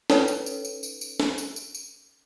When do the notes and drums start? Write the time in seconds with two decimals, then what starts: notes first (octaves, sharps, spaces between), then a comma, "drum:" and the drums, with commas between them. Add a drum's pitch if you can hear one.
0.10 C#4 D#4 A4 B4 C#5, drum: snare
0.28 drum: tambourine
0.46 drum: tambourine
0.65 drum: tambourine
0.83 drum: tambourine
1.01 drum: tambourine
1.20 drum: snare
1.38 drum: tambourine
1.56 drum: tambourine
1.75 drum: tambourine